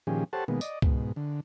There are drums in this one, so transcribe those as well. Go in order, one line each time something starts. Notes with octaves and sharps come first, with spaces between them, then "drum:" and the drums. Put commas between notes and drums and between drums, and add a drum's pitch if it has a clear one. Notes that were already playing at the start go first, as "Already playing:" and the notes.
A#2 D#3 F3 C#4 G4 G#4
G4 A4 C5 C#5 F#5 A5
B2 D#3 G#3 A#3 B3
D5 D#5, drum: tambourine
G#2 B2, drum: kick C2
D3